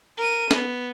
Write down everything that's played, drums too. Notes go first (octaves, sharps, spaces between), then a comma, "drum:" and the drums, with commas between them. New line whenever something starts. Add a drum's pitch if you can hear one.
A#4 D#7
B3, drum: snare